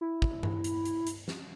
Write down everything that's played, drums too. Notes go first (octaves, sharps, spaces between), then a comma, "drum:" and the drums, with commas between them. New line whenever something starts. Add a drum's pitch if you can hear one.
E4
drum: kick
drum: tom G2
drum: hi-hat
drum: hi-hat
drum: hi-hat
drum: snare